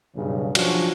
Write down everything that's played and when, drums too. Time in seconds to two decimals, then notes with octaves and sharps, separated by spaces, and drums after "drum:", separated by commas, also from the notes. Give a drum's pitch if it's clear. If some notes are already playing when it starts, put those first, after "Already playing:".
0.16 B1 G2 C#3
0.55 F3 F#3 C#4 D4 F#4, drum: cymbal